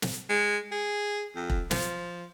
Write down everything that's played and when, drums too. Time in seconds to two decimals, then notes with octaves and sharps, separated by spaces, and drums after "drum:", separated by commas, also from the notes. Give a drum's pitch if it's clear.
0.02 drum: snare
0.29 G#3
0.71 G#4
1.36 F2
1.50 drum: kick E1
1.71 F3, drum: snare